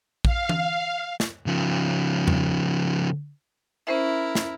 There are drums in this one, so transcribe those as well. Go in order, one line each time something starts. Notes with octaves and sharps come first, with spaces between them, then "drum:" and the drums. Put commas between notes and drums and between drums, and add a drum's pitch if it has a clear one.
F5, drum: kick
drum: tom E3
drum: snare
C#3 F3
drum: tom E2
C#4 E4 A#4 C5 E5
drum: snare